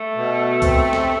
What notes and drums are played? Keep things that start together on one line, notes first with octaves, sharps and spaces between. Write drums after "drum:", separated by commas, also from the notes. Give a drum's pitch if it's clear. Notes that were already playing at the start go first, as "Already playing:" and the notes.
Already playing: A3
B2
C4, drum: kick C2, hi-hat
drum: snare